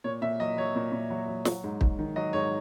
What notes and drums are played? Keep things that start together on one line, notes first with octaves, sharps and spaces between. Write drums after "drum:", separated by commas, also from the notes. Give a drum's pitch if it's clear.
A#2 C#5
A#2 E5
F#3 D#5
F#3 C#5
A#2
A#2
F#3
F#3
F#3, drum: snare
G#2
G#2, drum: kick
D#3
F#3 D#5
G#2 C#5